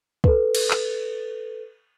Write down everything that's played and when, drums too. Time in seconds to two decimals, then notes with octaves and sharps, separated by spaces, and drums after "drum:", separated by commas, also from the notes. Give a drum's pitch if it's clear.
0.24 A4 B4, drum: kick
0.55 drum: cymbal
0.71 drum: clap